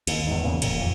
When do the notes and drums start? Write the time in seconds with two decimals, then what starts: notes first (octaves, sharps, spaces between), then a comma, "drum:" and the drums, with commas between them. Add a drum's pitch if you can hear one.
0.07 D#2, drum: cymbal
0.27 E2 G#2
0.43 E2 A#2 C#3
0.62 D#1 A1 A#2, drum: cymbal
0.80 F2